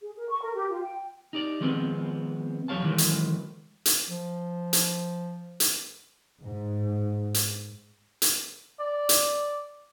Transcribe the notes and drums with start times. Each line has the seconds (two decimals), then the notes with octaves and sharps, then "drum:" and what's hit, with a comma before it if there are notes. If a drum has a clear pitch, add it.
0.01 G#4
0.17 A#4
0.29 C#6
0.42 A#4
0.54 G4
0.70 F4
0.82 G5
1.33 D#4 G4 D5
1.61 D#3 F3 G#3 B3 C4
2.68 E2 F#3 G4 C#5 F5 A5
2.84 D#3 E3 F#3 G#3 A3
2.98 drum: hi-hat
3.86 drum: hi-hat
4.09 F3
4.73 drum: hi-hat
5.60 drum: hi-hat
6.42 G#2
7.34 drum: hi-hat
8.22 drum: hi-hat
8.80 D5
9.09 drum: hi-hat